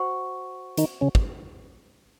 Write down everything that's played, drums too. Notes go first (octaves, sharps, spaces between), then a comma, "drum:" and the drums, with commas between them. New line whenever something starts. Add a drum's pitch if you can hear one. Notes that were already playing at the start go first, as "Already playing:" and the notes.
Already playing: F#4 C5 F#5 C#6
D#3 D#4, drum: hi-hat
C#3 C#4
drum: kick